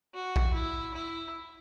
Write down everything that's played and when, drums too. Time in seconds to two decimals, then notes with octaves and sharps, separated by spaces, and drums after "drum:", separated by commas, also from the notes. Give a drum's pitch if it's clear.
0.14 F#4
0.36 drum: kick A#1
0.54 E4
0.94 E4